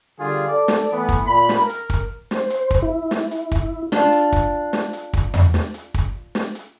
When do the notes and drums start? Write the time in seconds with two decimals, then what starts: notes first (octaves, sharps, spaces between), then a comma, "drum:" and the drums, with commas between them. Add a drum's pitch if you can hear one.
0.19 D3 G3 F4 G4 G#4
0.49 A4 D5
0.68 drum: snare
0.91 E3 A3 B3
1.09 drum: kick, hi-hat
1.26 A#2 F4 B5
1.49 drum: snare
1.60 A#4
1.69 drum: hi-hat
1.90 drum: kick, hi-hat
2.31 C5, drum: snare
2.50 drum: hi-hat
2.71 drum: kick, hi-hat
2.82 E4
3.11 drum: snare
3.31 drum: hi-hat
3.52 drum: kick, hi-hat
3.92 D4 F4, drum: snare
4.12 drum: hi-hat
4.32 drum: kick, hi-hat
4.73 drum: snare
4.93 drum: hi-hat
5.13 drum: kick, hi-hat
5.34 drum: tom E2
5.54 drum: snare
5.74 drum: hi-hat
5.94 drum: kick, hi-hat
6.35 drum: snare
6.55 drum: hi-hat